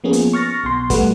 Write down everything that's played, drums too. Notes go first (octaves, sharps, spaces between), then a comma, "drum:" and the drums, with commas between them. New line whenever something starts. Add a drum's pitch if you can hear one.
F3 A#3 B3 C#4 G#4
drum: hi-hat
C#6 F6 A6 A#6
B1 B2 C6
G3 A3 F#4 B4, drum: kick, hi-hat